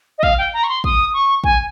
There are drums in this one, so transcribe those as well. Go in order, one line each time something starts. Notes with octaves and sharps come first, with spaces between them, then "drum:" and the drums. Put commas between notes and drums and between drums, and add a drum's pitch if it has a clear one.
D#5
F5, drum: kick
G5
A#5
C#6
C6
D#6, drum: kick
C#6
G#5, drum: kick